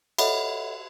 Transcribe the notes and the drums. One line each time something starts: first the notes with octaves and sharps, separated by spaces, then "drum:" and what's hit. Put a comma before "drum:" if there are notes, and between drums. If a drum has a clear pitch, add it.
A4 C#5 D#5 E5 F#5 B5, drum: cymbal